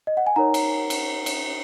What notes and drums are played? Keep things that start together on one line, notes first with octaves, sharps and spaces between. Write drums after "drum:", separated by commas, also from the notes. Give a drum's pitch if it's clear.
D#5
F#5
G#5
D#4 A#4 C#5 F#5 A#5
drum: cymbal
drum: cymbal
drum: cymbal